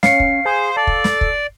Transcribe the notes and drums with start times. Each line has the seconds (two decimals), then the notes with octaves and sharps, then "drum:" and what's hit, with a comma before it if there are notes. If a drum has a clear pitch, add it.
0.03 C#4 F5 C7 C#7, drum: snare
0.20 drum: kick
0.45 G#4 C5
0.76 A4 D5
0.87 drum: kick
1.04 drum: snare
1.21 drum: kick